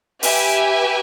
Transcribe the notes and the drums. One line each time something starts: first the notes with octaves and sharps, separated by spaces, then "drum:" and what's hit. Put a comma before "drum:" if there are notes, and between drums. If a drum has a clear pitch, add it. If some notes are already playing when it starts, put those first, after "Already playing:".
G4 B4 E5 G#5, drum: open hi-hat